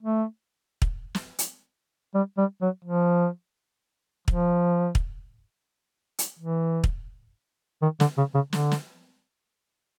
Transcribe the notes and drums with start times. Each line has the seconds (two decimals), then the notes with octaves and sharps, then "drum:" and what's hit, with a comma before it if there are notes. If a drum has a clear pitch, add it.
0.02 A3
0.82 drum: kick
1.15 drum: snare
1.39 drum: hi-hat
2.15 G3
2.37 G3
2.62 F#3
2.85 F3
4.28 F3, drum: kick
4.95 drum: kick
6.19 drum: hi-hat
6.39 E3
6.84 drum: kick
7.82 D#3
8.00 D3, drum: snare
8.17 C#3
8.34 C#3
8.53 D3, drum: snare
8.71 drum: snare